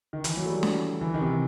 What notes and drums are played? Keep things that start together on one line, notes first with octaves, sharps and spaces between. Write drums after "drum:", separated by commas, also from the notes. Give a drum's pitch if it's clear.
D#3
E3, drum: hi-hat
F#3
A3
G3
drum: snare
E3
D#3
C3